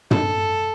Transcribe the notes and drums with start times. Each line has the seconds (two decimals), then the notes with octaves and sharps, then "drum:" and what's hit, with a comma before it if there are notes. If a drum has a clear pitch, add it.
0.11 A4, drum: tom